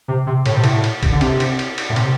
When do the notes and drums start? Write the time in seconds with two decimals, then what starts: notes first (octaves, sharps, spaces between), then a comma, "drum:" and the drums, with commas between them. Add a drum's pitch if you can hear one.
0.08 C3
0.27 C3
0.46 A2, drum: cymbal
0.55 C3
0.64 A2, drum: cymbal
0.84 drum: cymbal
1.03 drum: kick, cymbal
1.12 D3
1.21 C3, drum: cymbal
1.40 drum: cymbal
1.59 drum: cymbal
1.78 drum: cymbal
1.89 A2
1.96 C3, drum: cymbal